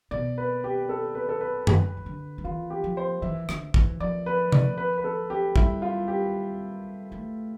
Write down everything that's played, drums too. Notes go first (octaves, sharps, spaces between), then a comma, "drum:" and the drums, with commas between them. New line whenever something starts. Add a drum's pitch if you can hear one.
B2 D5
B4
G4
A4
B4
A4
B4
D3, drum: tom F#2
E3
D3
F3
E3 F4
G4
F3
C5
E3 E5
D3, drum: rim click
E3, drum: kick
F3 D5
B4
D5, drum: tom C3
B4
B4
A4
G4
G3 E4, drum: kick
F4
G4
A3